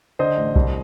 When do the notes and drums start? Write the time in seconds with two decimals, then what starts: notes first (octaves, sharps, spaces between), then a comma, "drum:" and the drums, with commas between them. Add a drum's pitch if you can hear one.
0.19 D3 C5 D#5
0.37 A1
0.56 C2, drum: kick B1